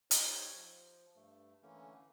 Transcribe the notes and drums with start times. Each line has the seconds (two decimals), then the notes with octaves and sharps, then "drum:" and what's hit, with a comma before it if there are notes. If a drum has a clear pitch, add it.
0.11 D#4 G4 C5 C#5, drum: hi-hat
0.54 F3
1.15 G2 A3
1.63 D3 E3 A3 A#3 C#4